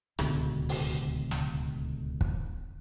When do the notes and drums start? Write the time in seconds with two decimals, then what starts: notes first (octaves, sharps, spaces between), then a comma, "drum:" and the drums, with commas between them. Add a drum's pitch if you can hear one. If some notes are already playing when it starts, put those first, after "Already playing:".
0.19 D1 C#2 B2 D3, drum: rim click
0.69 drum: open hi-hat
1.31 drum: snare
2.21 drum: kick